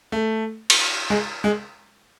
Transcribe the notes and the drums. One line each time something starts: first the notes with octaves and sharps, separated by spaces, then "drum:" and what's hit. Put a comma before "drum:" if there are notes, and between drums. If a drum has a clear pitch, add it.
A3
drum: cymbal
G#3
G#3